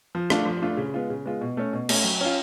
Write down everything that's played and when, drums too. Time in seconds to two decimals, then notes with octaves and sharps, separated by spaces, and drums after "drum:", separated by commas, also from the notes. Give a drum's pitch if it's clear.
0.15 F3
0.30 A3 D4 F4, drum: rim click
0.46 F3
0.62 A3 D4 F4
0.77 C#3
0.94 G#3 B3 F4
1.10 C#3
1.26 G#3 B3 F4
1.41 B2
1.57 A3 C#4
1.73 B2
1.89 A3 C#4, drum: cymbal
2.04 F#3
2.21 C#4 F4